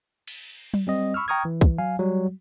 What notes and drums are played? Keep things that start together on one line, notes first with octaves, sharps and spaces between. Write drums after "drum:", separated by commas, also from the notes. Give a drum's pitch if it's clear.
drum: cymbal
drum: tom F#3
G3 C4 D#5
B5 C#6 E6 F6
G5 A#5 C#6 D#6 F6 G#6
E3
drum: kick
F#3 F5 G#5
F#3 G3 F#4